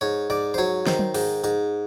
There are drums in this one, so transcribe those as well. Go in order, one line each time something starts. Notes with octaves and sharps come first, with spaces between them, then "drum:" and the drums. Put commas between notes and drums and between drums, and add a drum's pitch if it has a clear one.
G#2 C#5
G#2 D5
C5
F#3 C#5
D#3 C5, drum: snare
drum: tom F#3
G#2, drum: open hi-hat
G#2, drum: tambourine